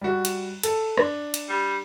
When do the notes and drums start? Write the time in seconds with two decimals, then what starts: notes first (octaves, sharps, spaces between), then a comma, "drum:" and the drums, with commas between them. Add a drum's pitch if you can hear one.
0.01 G3 F#4
0.25 drum: cymbal
0.63 A4, drum: cymbal
0.98 D4, drum: rim click
1.34 drum: cymbal
1.49 G3